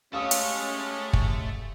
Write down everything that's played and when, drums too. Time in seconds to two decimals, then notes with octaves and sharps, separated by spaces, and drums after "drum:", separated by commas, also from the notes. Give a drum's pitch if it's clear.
0.13 G#3 A3 C#4 G4 A4 F5 D#6 E6
0.31 drum: hi-hat
1.13 drum: kick